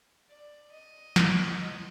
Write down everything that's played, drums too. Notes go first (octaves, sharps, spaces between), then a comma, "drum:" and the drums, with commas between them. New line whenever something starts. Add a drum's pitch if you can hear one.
D5
D#5
drum: snare
D#5